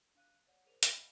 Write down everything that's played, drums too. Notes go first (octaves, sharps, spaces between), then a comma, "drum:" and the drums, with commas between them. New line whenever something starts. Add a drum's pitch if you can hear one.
D4 F5 F#6 D#7
C#5 D5 F#5
G#4 A#4 C5 D#7 F7
B4 D#5 F5 F#5 G#5 B5, drum: hi-hat